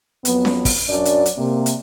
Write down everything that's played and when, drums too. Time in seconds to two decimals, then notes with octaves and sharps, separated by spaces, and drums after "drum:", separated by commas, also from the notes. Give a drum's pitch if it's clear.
0.25 F2 F#3 B3, drum: hi-hat
0.45 drum: snare C#4
0.65 drum: kick, open hi-hat
0.89 F#2 F#3 D4 D5
1.05 drum: hi-hat
1.26 drum: hi-hat
1.38 C3 A#3
1.66 drum: hi-hat